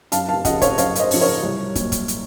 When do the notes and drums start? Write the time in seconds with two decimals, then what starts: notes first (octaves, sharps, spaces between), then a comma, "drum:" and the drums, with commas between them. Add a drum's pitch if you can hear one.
0.12 F#2 F5 A5, drum: hi-hat
0.29 F5 A5
0.45 C#3 F3 D#5 F#5, drum: kick, hi-hat
0.62 C#5 F5, drum: kick, hi-hat
0.78 F#2 C#5 F5, drum: hi-hat
0.95 F5, drum: hi-hat
0.99 C5 D#5
1.11 C#3 F3, drum: open hi-hat
1.21 A#4 C#5
1.43 C2
1.75 A#2 F#3, drum: kick, hi-hat
1.92 drum: kick, hi-hat
2.08 drum: hi-hat